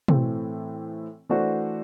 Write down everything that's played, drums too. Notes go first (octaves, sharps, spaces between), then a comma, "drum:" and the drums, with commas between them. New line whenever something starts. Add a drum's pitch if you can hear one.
A2 E3 A3 C4, drum: tom
E3 A3 D4 F#4 C5